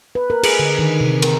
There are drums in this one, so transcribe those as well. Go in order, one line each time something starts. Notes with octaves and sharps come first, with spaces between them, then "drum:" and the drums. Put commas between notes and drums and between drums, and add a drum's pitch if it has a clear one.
B4
A#4
G#4, drum: cymbal
D3
D#3
C3
A#4, drum: cymbal